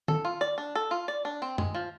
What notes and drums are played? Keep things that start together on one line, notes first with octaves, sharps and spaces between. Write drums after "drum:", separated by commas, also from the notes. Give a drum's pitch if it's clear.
A4, drum: tom
F4
D5
D4
A4
F4
D5
D4
C4
G#3, drum: tom
F3